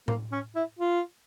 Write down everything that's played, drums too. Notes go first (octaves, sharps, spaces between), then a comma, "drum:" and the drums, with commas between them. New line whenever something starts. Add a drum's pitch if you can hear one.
A#3, drum: tom A2
C#4
E4
F4